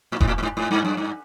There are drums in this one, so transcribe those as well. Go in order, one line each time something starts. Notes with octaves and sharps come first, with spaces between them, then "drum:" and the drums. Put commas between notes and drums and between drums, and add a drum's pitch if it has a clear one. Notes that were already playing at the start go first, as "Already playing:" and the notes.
A2
G#2, drum: kick E1
A2
A2
G#2
G#2
G2
F#2
G2